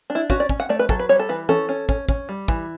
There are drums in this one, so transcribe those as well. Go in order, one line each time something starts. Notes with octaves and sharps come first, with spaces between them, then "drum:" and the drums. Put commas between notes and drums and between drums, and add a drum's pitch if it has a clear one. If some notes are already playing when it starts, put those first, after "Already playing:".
D4
E4
C#4 F#4, drum: kick
D5
C#4, drum: kick
F#5
A3 D5
B4
F#3 A4, drum: kick
B4
G3 C#5
A4
E3 B4
C#4 A4, drum: tom E3
C#4
C#4, drum: kick
C#4, drum: kick
G3
E3, drum: kick